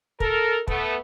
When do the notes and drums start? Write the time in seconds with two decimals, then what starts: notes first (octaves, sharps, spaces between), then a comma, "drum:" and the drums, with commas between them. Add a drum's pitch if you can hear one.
0.20 A4 A#4, drum: kick
0.68 A3 B3, drum: kick